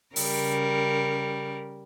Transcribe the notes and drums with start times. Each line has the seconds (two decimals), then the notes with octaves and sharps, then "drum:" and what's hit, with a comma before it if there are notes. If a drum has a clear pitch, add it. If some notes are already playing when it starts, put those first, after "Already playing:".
0.16 C#3 G3 A#4, drum: open hi-hat